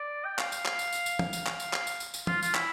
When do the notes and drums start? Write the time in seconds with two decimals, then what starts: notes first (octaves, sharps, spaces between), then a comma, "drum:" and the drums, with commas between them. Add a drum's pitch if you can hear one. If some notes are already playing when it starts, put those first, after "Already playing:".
Already playing: D5
0.25 G5
0.39 F5, drum: clap
0.52 drum: tambourine
0.66 drum: clap
0.79 drum: tambourine
0.92 drum: tambourine
1.06 drum: tambourine
1.19 drum: tom
1.33 drum: tambourine
1.46 drum: clap
1.60 drum: tambourine
1.73 drum: clap
1.87 drum: tambourine
2.00 drum: tambourine
2.14 drum: tambourine
2.27 F4, drum: tom
2.42 F4, drum: tambourine
2.55 E4, drum: clap